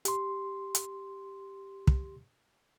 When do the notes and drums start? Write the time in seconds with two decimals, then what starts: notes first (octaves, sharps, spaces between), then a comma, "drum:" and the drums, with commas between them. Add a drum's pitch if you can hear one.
0.05 G4 C6, drum: hi-hat
0.75 drum: hi-hat
1.87 drum: kick